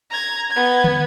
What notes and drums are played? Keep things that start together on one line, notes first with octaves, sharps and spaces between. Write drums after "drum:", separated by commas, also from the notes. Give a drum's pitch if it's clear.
A#5 G#6
B3 G#6
drum: tom